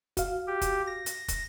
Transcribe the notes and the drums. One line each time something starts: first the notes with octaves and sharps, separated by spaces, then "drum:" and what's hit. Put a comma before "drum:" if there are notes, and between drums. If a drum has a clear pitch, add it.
F#4 F5, drum: kick, hi-hat
G4
drum: kick, hi-hat
A#6
drum: hi-hat
drum: kick, hi-hat